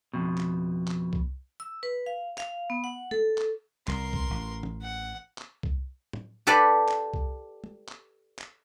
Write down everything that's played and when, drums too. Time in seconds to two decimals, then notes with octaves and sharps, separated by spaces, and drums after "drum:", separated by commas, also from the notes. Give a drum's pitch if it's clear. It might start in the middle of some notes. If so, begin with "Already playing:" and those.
0.14 F2 B2
0.38 drum: clap
0.88 drum: clap
1.13 drum: kick C2
1.60 E6
1.83 B4
2.06 F5
2.38 F5, drum: clap
2.70 B3
2.84 F#5
3.11 A4, drum: tom
3.38 drum: clap
3.88 C2 A#4 C6, drum: clap
4.13 drum: kick C2
4.30 A1
4.63 drum: tom
4.82 F#5
5.38 drum: clap
5.63 drum: kick C2
6.13 drum: tom
6.47 G4 A4 B4 D5
6.89 drum: clap
7.14 drum: kick C2
7.64 drum: tom
7.89 drum: clap
8.39 drum: clap